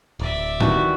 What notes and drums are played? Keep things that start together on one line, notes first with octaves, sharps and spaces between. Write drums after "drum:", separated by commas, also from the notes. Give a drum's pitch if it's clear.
D1 D5 E5
D#3 E3 G3 F#4, drum: tom A2